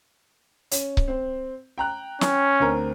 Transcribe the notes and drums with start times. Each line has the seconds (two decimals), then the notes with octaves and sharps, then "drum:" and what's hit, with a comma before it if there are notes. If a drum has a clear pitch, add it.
0.71 C#4, drum: hi-hat
0.97 drum: kick C#1
1.08 C4 C5
1.78 G5 A#5 F#6
2.21 C#4, drum: snare
2.60 D2 C4 A#4